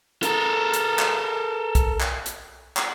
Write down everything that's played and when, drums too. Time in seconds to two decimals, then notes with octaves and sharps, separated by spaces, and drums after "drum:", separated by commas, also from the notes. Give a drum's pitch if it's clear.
0.23 A4 A#4, drum: hi-hat
0.74 drum: hi-hat
0.99 drum: clap
1.75 drum: kick, hi-hat
2.00 drum: clap
2.26 drum: hi-hat
2.77 drum: clap